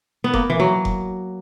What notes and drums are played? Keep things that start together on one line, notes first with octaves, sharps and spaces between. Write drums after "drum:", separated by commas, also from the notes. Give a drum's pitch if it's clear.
B3
A#3, drum: kick F1
E3
F#3
drum: kick F1